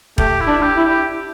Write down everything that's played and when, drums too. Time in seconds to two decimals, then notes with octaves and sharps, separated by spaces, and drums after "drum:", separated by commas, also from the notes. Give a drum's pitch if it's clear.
0.18 A3 G4, drum: kick E1
0.40 E4
0.48 D4
0.62 G4
0.77 E4
0.85 G4